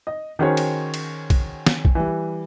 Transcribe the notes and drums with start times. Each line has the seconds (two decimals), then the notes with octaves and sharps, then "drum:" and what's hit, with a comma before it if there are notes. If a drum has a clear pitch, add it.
0.07 D#5
0.39 D#3 C#4 F#4 G#4 C5 C#5
0.57 drum: cymbal
0.94 drum: cymbal
1.30 drum: kick, cymbal
1.67 drum: snare
1.85 drum: kick
1.95 E3 G3